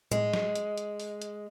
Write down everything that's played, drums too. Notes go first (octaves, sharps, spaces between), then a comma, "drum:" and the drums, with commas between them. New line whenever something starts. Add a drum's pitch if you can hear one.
G#3, drum: tom A2
drum: snare
drum: hi-hat
drum: hi-hat
drum: open hi-hat
drum: hi-hat